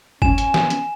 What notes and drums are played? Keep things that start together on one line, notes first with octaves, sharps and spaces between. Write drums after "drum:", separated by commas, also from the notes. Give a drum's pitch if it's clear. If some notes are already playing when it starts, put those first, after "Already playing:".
C#4 G#5 E7, drum: kick G1
drum: hi-hat
drum: snare
drum: hi-hat